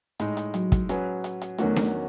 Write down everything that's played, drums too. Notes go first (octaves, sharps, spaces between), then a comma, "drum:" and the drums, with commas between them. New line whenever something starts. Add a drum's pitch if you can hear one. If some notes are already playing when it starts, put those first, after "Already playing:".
A2 G#3 D#4, drum: hi-hat
drum: hi-hat
F#3, drum: hi-hat
drum: kick, hi-hat
F#3 C#4 G#4 B4, drum: hi-hat
drum: hi-hat
drum: hi-hat
E2 D#3 F#3 A3 C#4 F#4, drum: hi-hat
drum: snare D4